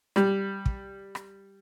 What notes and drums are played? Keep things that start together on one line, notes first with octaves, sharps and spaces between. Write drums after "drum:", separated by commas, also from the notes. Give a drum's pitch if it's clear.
G3, drum: rim click
drum: kick
drum: rim click